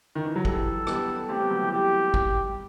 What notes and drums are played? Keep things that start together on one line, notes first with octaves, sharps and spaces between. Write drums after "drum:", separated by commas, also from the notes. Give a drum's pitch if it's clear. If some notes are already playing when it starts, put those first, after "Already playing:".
D#3
E3
F#3
E3 G3 A4, drum: kick
G3 B3, drum: rim click
A3 C4 G4
G3 B3
F#3 A3
E3 G3
E3 G3 G4
drum: kick
G3